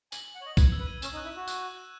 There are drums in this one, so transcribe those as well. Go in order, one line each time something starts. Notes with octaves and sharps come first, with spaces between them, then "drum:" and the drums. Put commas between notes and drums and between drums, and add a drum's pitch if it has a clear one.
G#5 F#7, drum: tambourine
F#7
F#5
C#5 D#5 F#7
B4 G#6, drum: kick B1, tambourine
E6
B4
D#7
C#4 E7, drum: tambourine
D#4
F#6
E4
F#4 F#6
F#6, drum: tambourine
F#6
F#6